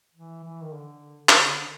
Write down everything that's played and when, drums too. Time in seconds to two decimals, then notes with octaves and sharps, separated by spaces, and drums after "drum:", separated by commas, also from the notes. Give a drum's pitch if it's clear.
0.15 E3
0.44 E3
0.62 D#3
0.73 D3
1.29 C#3, drum: clap
1.48 D3